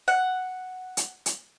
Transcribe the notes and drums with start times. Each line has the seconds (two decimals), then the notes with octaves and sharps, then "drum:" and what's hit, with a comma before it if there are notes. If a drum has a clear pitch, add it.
0.08 F#5
0.97 drum: hi-hat
1.26 drum: hi-hat